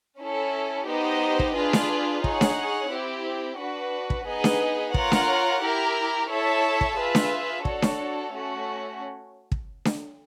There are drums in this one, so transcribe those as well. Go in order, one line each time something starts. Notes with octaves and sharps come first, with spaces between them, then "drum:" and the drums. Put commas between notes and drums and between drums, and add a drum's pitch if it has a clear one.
C#4 E4 A4
B3 D#4 G4 C5 D#5
drum: kick
D4 F4 G#4 B4
drum: snare D4
D#4 G#4 C#5 F#5, drum: kick
drum: snare D4
C4 E4 G4
D4 F#4 B4
drum: kick
B3 D#4 G#4 B4 D#5
drum: snare D4
F4 A#4 C#5 F#5, drum: kick
drum: snare D4
E4 G4 A#4
E4 A4 C#5 E5 A5
drum: kick
F4 G#4 B4 E5
drum: snare D4
D4 F#4 A4 C#5, drum: kick
drum: snare D4
A3 C#4 F#4
drum: kick
drum: snare D4